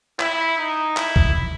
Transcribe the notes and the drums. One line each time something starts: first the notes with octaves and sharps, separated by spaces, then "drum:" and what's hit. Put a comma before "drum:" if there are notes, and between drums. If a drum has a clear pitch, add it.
E4, drum: clap
D#4
E4, drum: clap
drum: kick